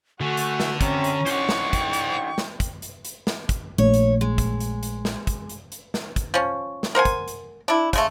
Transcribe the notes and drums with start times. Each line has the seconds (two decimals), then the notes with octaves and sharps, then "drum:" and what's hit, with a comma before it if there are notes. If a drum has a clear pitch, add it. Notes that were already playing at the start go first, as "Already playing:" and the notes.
0.21 D3 A3 F#4 G#5
0.37 drum: hi-hat
0.60 drum: snare
0.81 C3 C#4 A#5, drum: kick, hi-hat
1.04 drum: hi-hat
1.26 D3 E3 C5 D5 C#6, drum: hi-hat
1.49 drum: snare
1.73 G5, drum: kick, hi-hat
1.93 drum: hi-hat
2.38 drum: snare
2.60 drum: kick, hi-hat
2.82 drum: hi-hat
3.05 drum: hi-hat
3.27 drum: snare
3.49 drum: kick, hi-hat
3.78 A#1 A3 C#5
3.94 drum: hi-hat
4.21 G#3
4.38 drum: kick, hi-hat
4.60 drum: hi-hat
4.83 drum: hi-hat
5.05 drum: snare
5.27 drum: kick, hi-hat
5.49 drum: hi-hat
5.72 drum: hi-hat
5.94 drum: snare
6.16 drum: kick, hi-hat
6.34 F3 C#4
6.83 drum: snare
6.95 A#4 C5 F#5 G#5
7.05 drum: kick, hi-hat
7.28 drum: hi-hat
7.68 D4 E4
7.93 C#3 G#3 A3, drum: kick, hi-hat